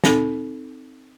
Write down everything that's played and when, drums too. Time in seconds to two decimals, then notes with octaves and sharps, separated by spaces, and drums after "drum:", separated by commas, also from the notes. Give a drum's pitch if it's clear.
0.04 C4 D#4 A4, drum: snare